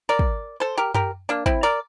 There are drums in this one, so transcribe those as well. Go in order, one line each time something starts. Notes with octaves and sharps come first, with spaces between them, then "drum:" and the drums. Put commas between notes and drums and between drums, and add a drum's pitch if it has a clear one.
A#4 D5
drum: kick
A4 C5
G4 A#4
G4 A#4, drum: tom F#2
A#3 D4
C4 E4, drum: kick
A#4 D5